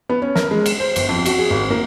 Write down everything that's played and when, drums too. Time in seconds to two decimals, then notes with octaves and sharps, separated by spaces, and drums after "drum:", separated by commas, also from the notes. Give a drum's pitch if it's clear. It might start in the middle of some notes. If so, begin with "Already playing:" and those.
0.09 B3
0.22 C#4
0.35 A#4, drum: snare
0.51 G#3
0.66 E7, drum: cymbal
0.80 C5
0.96 G1, drum: cymbal
1.09 F2
1.26 F#4, drum: cymbal
1.39 G#4
1.50 G#1
1.70 A#3